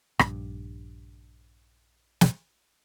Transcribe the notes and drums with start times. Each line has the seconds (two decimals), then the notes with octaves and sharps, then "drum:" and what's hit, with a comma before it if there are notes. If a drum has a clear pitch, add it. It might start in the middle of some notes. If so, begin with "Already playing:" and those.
0.19 A#1 G2, drum: rim click
2.21 drum: snare